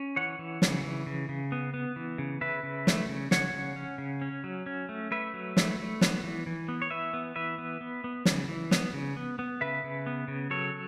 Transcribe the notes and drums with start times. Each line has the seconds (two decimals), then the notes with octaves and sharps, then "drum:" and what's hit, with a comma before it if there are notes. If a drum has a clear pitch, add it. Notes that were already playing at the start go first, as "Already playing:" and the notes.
Already playing: C#4
0.16 E3 C#5 F#5
0.39 E3
0.62 C#3, drum: snare
0.83 E3
1.06 C#3
1.29 C#3
1.52 B3
1.74 B3
1.96 E3
2.18 C#3
2.41 C#3 B4 E5
2.63 C#3
2.87 A3, drum: snare
3.09 C#3
3.31 C#3 C#5 F#5, drum: snare
3.53 C#3
3.76 C#4
3.98 C#3
4.21 C#4
4.44 F#3
4.66 C#4
4.89 A3
5.11 A3 B4 E5
5.34 F#3
5.57 A3, drum: snare
5.79 A3
6.01 B3, drum: snare
6.23 E3
6.46 E3
6.68 B3
6.82 C#5
6.91 E3 B4 E5
7.13 B3
7.36 E3 B4 E5
7.58 B3
7.81 B3
8.04 B3
8.25 C#3, drum: snare
8.48 E3
8.71 B3, drum: snare
8.93 C#3
9.17 B3
9.39 B3
9.61 C#3 B4 E5
9.84 C#3
10.06 B3
10.28 C#3
10.50 F#3 A4 C#5